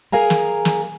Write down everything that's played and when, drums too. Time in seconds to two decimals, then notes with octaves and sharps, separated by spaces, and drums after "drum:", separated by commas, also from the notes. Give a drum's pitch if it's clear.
0.12 G#4 A#4 F5 G#5 A#5
0.30 drum: snare
0.65 drum: snare